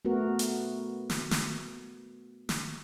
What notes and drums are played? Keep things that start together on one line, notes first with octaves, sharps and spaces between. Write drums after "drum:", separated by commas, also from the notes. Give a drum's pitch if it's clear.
A3 B3 F#4 A#4
drum: hi-hat
drum: snare
drum: snare
drum: snare